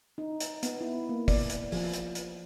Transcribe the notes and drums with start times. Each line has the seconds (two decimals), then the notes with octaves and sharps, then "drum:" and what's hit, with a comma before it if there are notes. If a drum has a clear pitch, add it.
0.18 D#4
0.40 drum: hi-hat
0.63 B3, drum: hi-hat
0.81 E4
1.09 A#3
1.28 D5, drum: kick, open hi-hat
1.50 drum: hi-hat
1.72 F3, drum: open hi-hat
1.93 drum: hi-hat
2.15 drum: hi-hat